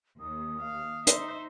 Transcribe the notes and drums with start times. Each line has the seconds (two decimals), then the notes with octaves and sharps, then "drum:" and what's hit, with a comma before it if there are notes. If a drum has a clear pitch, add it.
0.20 D#2 D#6
0.60 F5
1.07 D#4 C5 E5, drum: hi-hat